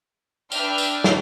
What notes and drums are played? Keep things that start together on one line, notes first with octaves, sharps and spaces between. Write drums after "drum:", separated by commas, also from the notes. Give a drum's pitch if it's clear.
D4 B4 D5 E5 G5 F6, drum: tambourine
drum: tambourine
drum: snare